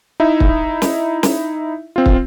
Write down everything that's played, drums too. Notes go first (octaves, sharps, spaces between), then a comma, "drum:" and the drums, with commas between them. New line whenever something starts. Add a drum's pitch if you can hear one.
D#4 E4 E5
drum: kick
drum: snare
drum: snare
C4 F4
drum: kick